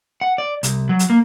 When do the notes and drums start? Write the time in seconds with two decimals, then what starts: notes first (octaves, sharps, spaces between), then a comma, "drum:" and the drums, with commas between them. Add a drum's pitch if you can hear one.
0.21 F#5
0.38 D5
0.63 C2, drum: hi-hat
0.89 F#3
0.99 drum: hi-hat
1.10 A#3